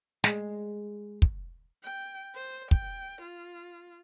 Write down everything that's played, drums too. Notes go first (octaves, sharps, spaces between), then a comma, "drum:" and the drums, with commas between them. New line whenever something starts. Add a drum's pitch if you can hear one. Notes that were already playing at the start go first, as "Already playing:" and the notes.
G#3, drum: snare
drum: kick
G5
C5
G5, drum: kick
F4